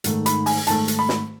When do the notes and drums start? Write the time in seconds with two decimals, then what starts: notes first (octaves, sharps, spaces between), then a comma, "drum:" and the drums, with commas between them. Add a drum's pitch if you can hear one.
0.04 G#2 D#3 A3, drum: hi-hat
0.26 B5, drum: hi-hat
0.46 G#5, drum: open hi-hat
0.67 G#2 D#3 A3 A5, drum: hi-hat
0.88 drum: hi-hat
0.99 B5
1.09 drum: snare